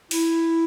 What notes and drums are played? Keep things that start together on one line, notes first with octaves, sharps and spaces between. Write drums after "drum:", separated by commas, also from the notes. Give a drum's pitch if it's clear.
E4, drum: open hi-hat